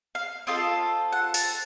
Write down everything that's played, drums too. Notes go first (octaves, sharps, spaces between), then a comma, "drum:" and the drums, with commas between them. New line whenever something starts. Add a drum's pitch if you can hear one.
F5
C4 F4 A4 D#5
F#5
A5, drum: open hi-hat